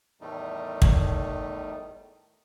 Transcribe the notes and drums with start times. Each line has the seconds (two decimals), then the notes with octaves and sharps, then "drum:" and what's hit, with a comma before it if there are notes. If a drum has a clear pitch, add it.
0.21 E2 A2 D#3 G3 A3 D#4
0.82 drum: kick